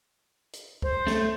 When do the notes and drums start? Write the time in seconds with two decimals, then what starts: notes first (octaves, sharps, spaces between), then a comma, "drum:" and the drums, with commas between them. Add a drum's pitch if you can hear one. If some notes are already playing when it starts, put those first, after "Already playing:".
0.53 drum: hi-hat
0.82 C5, drum: kick
1.07 A3, drum: snare